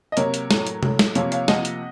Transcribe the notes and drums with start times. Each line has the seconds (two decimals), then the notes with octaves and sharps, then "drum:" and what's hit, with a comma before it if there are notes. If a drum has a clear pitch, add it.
0.12 D#5
0.17 C3 F#3 A#3 A#4 C#5, drum: hi-hat
0.34 drum: hi-hat
0.51 A2 F#3 A3, drum: snare
0.67 drum: hi-hat
0.83 A2 F#3 A3, drum: tom
0.99 drum: snare
1.15 C3 F3 A#3 C#5 F5, drum: hi-hat
1.32 C#5 F5, drum: hi-hat
1.48 C3 F3 A#3 D#5 F#5, drum: snare
1.65 drum: hi-hat